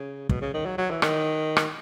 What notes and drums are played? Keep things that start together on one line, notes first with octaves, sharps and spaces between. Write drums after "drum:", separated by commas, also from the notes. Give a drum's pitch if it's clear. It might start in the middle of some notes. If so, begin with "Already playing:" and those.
Already playing: C#3
B2, drum: kick
C#3
D#3
F#3
F#3
E3
D#3, drum: rim click
drum: rim click